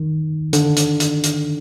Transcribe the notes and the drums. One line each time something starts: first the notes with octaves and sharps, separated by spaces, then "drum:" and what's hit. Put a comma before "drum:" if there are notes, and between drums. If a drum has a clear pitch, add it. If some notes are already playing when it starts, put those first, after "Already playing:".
Already playing: D#3
D3, drum: hi-hat
drum: hi-hat
drum: hi-hat
drum: hi-hat